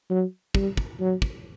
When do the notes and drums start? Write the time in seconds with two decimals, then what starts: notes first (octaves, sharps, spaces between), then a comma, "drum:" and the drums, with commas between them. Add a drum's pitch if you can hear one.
0.10 F#3
0.55 G3, drum: kick
0.77 drum: kick
1.00 F#3
1.22 drum: kick